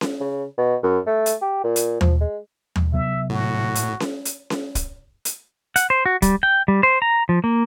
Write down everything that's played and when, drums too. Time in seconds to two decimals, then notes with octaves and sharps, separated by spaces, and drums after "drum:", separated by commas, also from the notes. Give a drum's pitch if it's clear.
0.01 drum: snare C#4
0.21 C#3
0.58 B2
0.83 F#2
1.07 A3
1.26 drum: hi-hat
1.42 G4
1.64 A#2
1.76 drum: hi-hat
2.01 F3, drum: tom D#2
2.21 G#3
2.76 drum: tom D#2
2.93 C3 F#3 B3 E5
3.30 A2 F#4
3.75 drum: hi-hat
4.00 drum: snare C#4
4.25 drum: hi-hat
4.50 drum: snare C#4
4.75 drum: kick, hi-hat
5.25 drum: hi-hat
5.76 F#5, drum: hi-hat
5.90 C5
6.06 F#4
6.22 G3, drum: kick, hi-hat
6.43 G5
6.68 G3
6.83 C5
7.02 A#5
7.29 F3
7.44 A#3